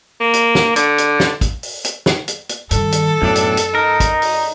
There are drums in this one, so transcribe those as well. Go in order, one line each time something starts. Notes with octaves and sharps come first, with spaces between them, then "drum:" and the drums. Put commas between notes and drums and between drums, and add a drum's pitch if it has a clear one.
A#3
drum: hi-hat
drum: snare
D3, drum: hi-hat
drum: hi-hat
drum: snare
drum: kick, hi-hat
drum: open hi-hat
drum: hi-hat
drum: snare
drum: hi-hat
drum: hi-hat
G2 D#3 A4, drum: hi-hat
drum: hi-hat
B1 F#2 A2 D4
drum: hi-hat
drum: hi-hat
D#4 A#4
drum: kick, hi-hat
drum: open hi-hat